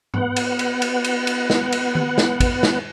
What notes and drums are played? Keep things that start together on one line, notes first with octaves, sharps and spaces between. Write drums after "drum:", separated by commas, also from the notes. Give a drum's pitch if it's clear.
B3 F#5, drum: tom G#2
drum: cymbal
drum: cymbal
drum: cymbal
drum: cymbal
drum: cymbal
drum: snare
drum: cymbal
drum: tom D#3
drum: snare
drum: kick, cymbal
drum: snare